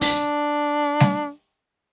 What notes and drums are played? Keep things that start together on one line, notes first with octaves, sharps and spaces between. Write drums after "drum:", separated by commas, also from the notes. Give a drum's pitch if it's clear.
D4, drum: open hi-hat
drum: snare